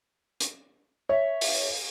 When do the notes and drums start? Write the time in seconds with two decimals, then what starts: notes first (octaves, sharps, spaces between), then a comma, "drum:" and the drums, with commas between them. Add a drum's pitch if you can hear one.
0.40 drum: hi-hat
1.09 C#5 E5
1.41 drum: open hi-hat